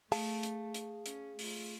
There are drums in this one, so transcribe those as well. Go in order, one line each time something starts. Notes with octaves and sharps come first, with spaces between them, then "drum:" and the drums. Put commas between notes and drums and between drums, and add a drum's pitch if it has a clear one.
A3 G#4 F5 A5, drum: open hi-hat
drum: hi-hat
drum: hi-hat
C#4, drum: hi-hat
A3 F4, drum: open hi-hat